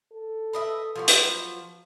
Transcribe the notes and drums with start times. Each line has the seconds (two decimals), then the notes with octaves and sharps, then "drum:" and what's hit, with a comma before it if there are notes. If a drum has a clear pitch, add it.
0.12 A4
0.53 B4 D#5 E5
0.96 F3 F#3 B3
1.08 drum: hi-hat